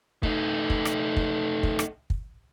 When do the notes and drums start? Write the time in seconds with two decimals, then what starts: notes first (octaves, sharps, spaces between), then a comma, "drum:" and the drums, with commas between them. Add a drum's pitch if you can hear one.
0.23 A3 D#4, drum: kick
0.70 drum: kick
0.85 drum: rim click
1.17 drum: kick
1.63 drum: kick
1.79 drum: rim click
2.10 drum: kick